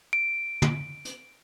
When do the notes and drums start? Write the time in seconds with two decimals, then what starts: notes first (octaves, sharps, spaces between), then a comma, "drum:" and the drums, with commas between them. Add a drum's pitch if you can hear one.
0.13 D7
0.62 drum: tom
1.05 drum: hi-hat